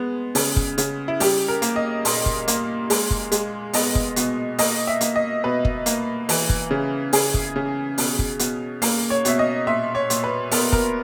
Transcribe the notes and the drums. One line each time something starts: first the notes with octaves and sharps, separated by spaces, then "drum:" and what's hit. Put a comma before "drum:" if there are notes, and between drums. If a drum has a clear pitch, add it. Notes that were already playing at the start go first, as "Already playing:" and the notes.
Already playing: G#3 B3
C#3, drum: open hi-hat
drum: kick
C#3, drum: hi-hat
E4
G3 G4, drum: open hi-hat
A#4
A#3, drum: hi-hat
D#5
A#2, drum: open hi-hat
drum: kick
A#3, drum: hi-hat
G#3, drum: open hi-hat
drum: kick
G#3, drum: hi-hat
B3 D#5, drum: open hi-hat
drum: kick
B2, drum: hi-hat
A#3 D#5, drum: open hi-hat
E5
A#3, drum: hi-hat
D#5
B2 B4
drum: kick
A#3, drum: hi-hat
E3, drum: open hi-hat
drum: kick
C#3
C#3 G#4, drum: open hi-hat
drum: kick
C#3
B2, drum: open hi-hat
drum: kick
B2, drum: hi-hat
A#3, drum: open hi-hat
C#5
B2 E5, drum: hi-hat
D#5
A#2 E5
C#5
A#2, drum: hi-hat
B4
B3 A#4, drum: open hi-hat
A#4, drum: kick